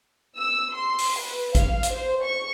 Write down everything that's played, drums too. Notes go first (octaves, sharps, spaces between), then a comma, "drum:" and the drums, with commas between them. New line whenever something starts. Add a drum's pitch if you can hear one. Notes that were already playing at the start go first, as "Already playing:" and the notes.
E6
C6
drum: open hi-hat
B4
F5, drum: kick A1, hi-hat
drum: hi-hat
C5
C#6